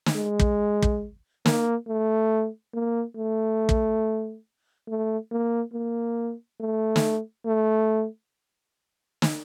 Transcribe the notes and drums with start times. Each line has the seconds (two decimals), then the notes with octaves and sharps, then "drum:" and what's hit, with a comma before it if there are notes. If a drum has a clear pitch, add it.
0.06 drum: snare
0.16 G#3
0.39 drum: kick
0.82 drum: kick
1.46 A#3, drum: snare
1.87 A3
2.74 A#3
3.17 A3
3.69 drum: kick
4.88 A3
5.32 A#3
5.74 A#3
6.60 A3
6.96 drum: snare
7.46 A3
9.22 drum: snare